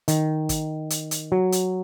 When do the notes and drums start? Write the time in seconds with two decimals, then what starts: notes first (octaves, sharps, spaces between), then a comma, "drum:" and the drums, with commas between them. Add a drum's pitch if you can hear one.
0.08 D#3, drum: hi-hat
0.49 drum: kick, hi-hat
0.90 drum: hi-hat
1.11 drum: hi-hat
1.32 F#3
1.52 drum: hi-hat